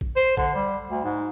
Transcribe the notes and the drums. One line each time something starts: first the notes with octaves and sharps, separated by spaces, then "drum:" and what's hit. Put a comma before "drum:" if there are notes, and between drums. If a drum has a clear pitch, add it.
drum: kick
C5
D3, drum: kick
G3
D2
G#2